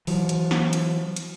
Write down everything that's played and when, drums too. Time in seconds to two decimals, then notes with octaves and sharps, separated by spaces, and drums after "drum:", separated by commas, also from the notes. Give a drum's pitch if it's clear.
0.07 E3 F#3, drum: open hi-hat
0.29 drum: hi-hat
0.51 drum: snare
0.73 drum: hi-hat
1.16 drum: hi-hat